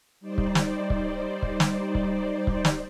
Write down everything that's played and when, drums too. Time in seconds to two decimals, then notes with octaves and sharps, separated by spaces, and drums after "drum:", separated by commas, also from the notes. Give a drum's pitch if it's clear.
0.20 G3 D#4 C5 D5
0.38 drum: kick C#1
0.55 drum: snare
0.90 drum: kick C#1
1.42 drum: kick C#1
1.60 drum: snare
1.95 drum: kick C#1
2.47 drum: kick C#1
2.65 drum: snare